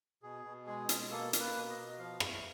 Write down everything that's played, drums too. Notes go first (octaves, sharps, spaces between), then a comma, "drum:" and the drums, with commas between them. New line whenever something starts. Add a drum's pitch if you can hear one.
B2 G#4
B2
G#3 G#4
B2, drum: hi-hat
A#3 A4
A#3, drum: hi-hat
B4
B2
D#5
B2
F3 F5
A3, drum: rim click